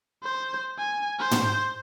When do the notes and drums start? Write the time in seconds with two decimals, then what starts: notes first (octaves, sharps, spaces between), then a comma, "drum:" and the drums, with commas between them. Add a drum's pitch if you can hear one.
0.24 C5
0.79 G#5
1.19 C5
1.31 drum: tom